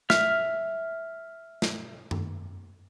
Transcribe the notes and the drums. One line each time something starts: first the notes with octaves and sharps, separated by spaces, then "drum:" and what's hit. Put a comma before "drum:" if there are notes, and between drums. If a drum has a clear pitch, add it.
E5 F6, drum: snare
drum: snare
drum: tom F#2